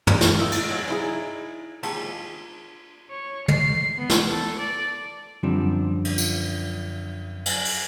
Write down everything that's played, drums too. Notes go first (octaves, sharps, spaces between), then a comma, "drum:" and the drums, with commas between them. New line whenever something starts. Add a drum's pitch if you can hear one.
G3 G#3 A#3 D4 F4, drum: tom
drum: snare
E4 F4 D#5
drum: cymbal
G#2 F#3
D#4 E4 G#4
D#2 G#2 A5, drum: cymbal
C#5
C7, drum: tom
B3
drum: snare
A4
D5
F#2 D3 F3 G3 C4 D4
drum: cymbal
drum: tambourine
drum: cymbal
drum: open hi-hat